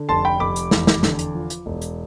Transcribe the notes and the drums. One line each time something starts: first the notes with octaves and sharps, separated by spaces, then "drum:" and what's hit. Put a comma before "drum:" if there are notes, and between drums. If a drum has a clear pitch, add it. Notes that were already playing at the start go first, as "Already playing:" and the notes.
Already playing: D3
F1 A5 C6
G5 B5
F1 B5 D6
drum: hi-hat
E2, drum: snare
drum: snare
D3, drum: snare
drum: hi-hat
F3
drum: hi-hat
E1
drum: hi-hat